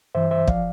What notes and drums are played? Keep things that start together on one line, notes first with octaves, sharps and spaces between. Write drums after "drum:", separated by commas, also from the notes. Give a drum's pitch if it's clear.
G2 E3 C5 E5
C5 E5
F3 D5 F5, drum: kick